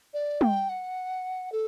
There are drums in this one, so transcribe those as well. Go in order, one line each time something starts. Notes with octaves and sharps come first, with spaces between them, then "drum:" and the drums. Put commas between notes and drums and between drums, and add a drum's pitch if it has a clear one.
D5
G5, drum: tom
F#5
A4